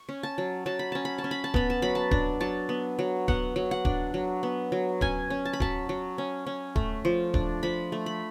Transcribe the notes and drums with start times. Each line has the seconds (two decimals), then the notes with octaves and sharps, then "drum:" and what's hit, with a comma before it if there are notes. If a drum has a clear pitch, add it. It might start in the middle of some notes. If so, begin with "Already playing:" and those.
Already playing: C#6
0.09 C#4
0.23 A5
0.38 F#3
0.66 F#3 A5
0.79 B5
0.92 C#4 A5
1.05 B5
1.18 A5
1.24 C#4
1.31 B5
1.44 A5
1.54 B3 B5, drum: kick D1
1.70 A5
1.82 F#3 B5
1.95 A5
2.11 D4, drum: kick D1
2.41 F#3 A5
2.69 B3
2.99 F#3
3.28 B3 F#5, drum: kick D1
3.56 F#3
3.71 F#5
3.85 D4, drum: kick D1
4.14 F#3
4.43 B3
4.72 F#3
5.01 C#4 G#5, drum: kick D1
5.30 C#4
5.45 A5
5.53 B5
5.60 F#3 A5, drum: kick D1
5.89 F#3
6.18 C#4
6.47 C#4
6.76 A3, drum: kick D1
7.05 F3
7.34 D4, drum: kick D1
7.63 F3 B5
7.92 A3
8.06 B5